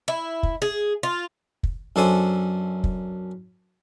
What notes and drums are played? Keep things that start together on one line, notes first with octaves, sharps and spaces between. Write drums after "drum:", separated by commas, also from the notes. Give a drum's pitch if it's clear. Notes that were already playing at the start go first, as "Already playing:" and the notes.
E4
drum: kick
G#4
F4
drum: kick
F#2 D4 A4 C5 G#5
drum: kick